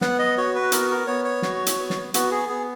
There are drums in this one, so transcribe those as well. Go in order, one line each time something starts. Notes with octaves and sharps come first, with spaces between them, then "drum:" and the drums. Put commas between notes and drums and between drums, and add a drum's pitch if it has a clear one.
B3 F#5, drum: snare
D#5
F#4 C#5
B4
B3 A#4, drum: hi-hat
A#4
B3 C#5
C#5
F#4, drum: snare
drum: hi-hat
B3
drum: snare
B3 F#4, drum: hi-hat
G#4
B3 G#4